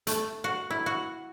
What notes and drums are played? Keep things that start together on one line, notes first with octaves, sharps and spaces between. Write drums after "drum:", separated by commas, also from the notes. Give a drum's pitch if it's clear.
A3, drum: hi-hat
F#4
E4
F#4